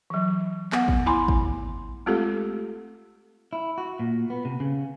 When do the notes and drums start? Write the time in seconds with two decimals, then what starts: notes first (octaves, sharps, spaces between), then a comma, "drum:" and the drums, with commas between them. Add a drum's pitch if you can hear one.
0.10 E3 F#3
0.72 B3 F#5, drum: clap
0.88 drum: kick
1.06 E4 G#5 B5 C6
1.28 drum: kick
2.06 G#3 A3 C4 F4 G4 A4
3.53 E4
3.78 F#4
4.00 A#2
4.30 B3
4.45 C3
4.60 C#3